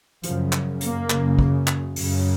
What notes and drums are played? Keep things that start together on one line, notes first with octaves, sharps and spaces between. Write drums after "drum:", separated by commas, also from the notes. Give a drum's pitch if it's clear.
F#2 C#3 F3, drum: hi-hat
drum: clap
A#3, drum: hi-hat
F#2 C#3, drum: clap
drum: kick
drum: clap
F#2 C#3, drum: open hi-hat